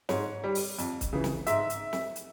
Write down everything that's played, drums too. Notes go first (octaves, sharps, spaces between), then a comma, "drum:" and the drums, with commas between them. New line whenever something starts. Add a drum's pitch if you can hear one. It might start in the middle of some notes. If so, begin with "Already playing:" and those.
G#2 C#5, drum: snare
G3
drum: open hi-hat
F2, drum: hi-hat
drum: kick C#1, hi-hat
C#3 E3
drum: snare
G#2 E5, drum: hi-hat
drum: hi-hat
drum: snare
drum: hi-hat